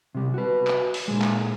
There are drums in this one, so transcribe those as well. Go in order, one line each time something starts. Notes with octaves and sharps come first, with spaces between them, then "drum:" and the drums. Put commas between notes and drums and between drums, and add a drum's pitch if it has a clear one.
C3 G3
F#4 B4
drum: clap
drum: open hi-hat
A#2 G#3
drum: clap